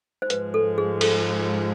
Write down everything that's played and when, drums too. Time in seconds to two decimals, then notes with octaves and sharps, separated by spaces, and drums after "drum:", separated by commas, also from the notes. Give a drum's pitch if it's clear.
0.22 C5
0.30 G#2 F3 G#3 B4, drum: hi-hat
0.54 A4
0.78 G#4
1.01 A4, drum: cymbal